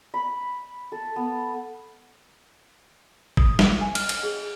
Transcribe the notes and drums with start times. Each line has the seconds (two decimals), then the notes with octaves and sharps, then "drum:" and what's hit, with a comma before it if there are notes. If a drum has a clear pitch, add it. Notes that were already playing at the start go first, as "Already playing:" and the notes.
0.14 B5
0.92 A4
1.16 B3
3.37 D#6, drum: kick G1
3.59 E5, drum: snare
3.81 G#5
3.95 F6, drum: cymbal
4.09 drum: cymbal
4.23 G#4